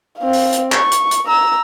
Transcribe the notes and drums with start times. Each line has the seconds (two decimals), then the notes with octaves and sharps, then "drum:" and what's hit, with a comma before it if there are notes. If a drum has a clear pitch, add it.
0.19 C4 F5
0.33 drum: open hi-hat
0.53 drum: hi-hat
0.72 C#6, drum: clap
0.92 drum: hi-hat
1.11 drum: hi-hat
1.26 A#5 E6